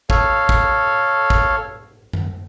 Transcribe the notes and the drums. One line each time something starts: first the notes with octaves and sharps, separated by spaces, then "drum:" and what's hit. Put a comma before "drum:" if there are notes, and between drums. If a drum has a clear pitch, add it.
A4 C#5 F5, drum: kick
drum: kick
drum: kick
drum: tom F#2